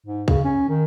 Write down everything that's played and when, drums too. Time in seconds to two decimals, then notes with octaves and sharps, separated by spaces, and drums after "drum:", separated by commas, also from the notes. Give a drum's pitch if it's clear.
0.06 G#2
0.28 C#3, drum: kick
0.44 C#4
0.69 D#3